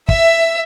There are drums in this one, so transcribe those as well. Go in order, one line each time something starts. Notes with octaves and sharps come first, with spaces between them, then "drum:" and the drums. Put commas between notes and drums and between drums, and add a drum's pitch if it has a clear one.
E5, drum: kick